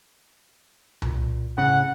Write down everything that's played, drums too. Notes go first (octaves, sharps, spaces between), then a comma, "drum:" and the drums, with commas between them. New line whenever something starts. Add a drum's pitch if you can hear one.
A#2, drum: tom C2
A2 C#3 F#5